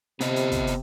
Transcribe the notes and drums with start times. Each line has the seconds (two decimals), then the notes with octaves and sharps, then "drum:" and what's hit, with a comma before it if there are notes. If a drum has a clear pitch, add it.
0.21 C3 B3 C5 D#5, drum: hi-hat
0.36 drum: hi-hat
0.52 drum: kick, hi-hat
0.67 drum: hi-hat